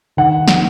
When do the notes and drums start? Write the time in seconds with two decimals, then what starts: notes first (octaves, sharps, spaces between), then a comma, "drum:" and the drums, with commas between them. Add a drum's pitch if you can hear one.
0.17 D#3 F#5
0.48 drum: snare